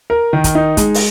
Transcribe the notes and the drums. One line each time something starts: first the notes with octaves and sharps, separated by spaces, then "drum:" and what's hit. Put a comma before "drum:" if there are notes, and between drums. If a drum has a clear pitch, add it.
A#4
D#3
drum: kick, hi-hat
D#4
G#3, drum: kick, hi-hat
drum: open hi-hat